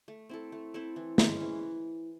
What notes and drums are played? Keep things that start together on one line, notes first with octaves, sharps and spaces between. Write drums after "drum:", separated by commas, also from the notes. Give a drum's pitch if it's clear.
A3
C4 E4 A4
A3
C4 E4 A4
E3
G#3 C#4, drum: snare
E3